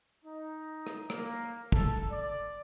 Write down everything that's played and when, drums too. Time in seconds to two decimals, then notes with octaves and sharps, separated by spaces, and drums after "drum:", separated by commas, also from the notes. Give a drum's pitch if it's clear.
0.25 D#4
0.87 drum: rim click
1.10 A#3, drum: rim click
1.72 A4, drum: kick
2.11 D5